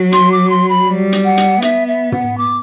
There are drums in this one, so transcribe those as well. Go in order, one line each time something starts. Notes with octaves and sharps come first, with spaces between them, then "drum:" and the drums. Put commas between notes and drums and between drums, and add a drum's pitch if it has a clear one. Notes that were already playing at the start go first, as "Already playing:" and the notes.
Already playing: F#3
C6, drum: hi-hat
D6
C6
B5
G3
drum: hi-hat
F#5
drum: hi-hat
B3 E5, drum: hi-hat
E5
F#5, drum: tom
D6